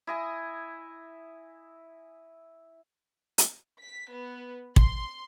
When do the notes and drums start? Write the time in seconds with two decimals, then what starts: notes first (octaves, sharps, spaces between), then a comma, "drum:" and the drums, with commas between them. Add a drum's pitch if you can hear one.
0.07 E4 D#5 G#5
3.38 drum: hi-hat
3.80 B6
4.13 B3
4.76 C6, drum: kick